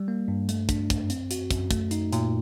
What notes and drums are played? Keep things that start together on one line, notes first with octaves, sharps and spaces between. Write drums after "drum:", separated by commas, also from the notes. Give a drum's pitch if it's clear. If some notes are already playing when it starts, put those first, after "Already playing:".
Already playing: G3
A#3
G2
A3, drum: hi-hat
D4, drum: kick, hi-hat
F#2, drum: kick, hi-hat
C4, drum: hi-hat
F#4, drum: hi-hat
F#2, drum: kick, hi-hat
A3, drum: kick, hi-hat
D#4, drum: hi-hat
A#2, drum: hi-hat